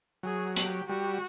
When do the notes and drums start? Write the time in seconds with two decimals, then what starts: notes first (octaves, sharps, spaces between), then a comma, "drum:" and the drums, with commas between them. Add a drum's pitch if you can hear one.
0.23 F#3 G#4
0.56 G4, drum: hi-hat
0.89 G3 F#4